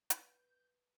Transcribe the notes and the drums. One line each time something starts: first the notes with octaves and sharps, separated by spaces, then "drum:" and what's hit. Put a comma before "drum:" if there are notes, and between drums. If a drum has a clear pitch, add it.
B4 G6, drum: hi-hat